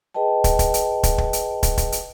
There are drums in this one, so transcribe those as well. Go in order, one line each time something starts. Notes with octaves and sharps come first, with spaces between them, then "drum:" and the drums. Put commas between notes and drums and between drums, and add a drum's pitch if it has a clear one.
G#4 B4 D#5 G5 A5
drum: kick, hi-hat
drum: kick, hi-hat
drum: hi-hat
drum: kick, hi-hat
drum: kick
drum: hi-hat
drum: kick, hi-hat
drum: kick, hi-hat
drum: hi-hat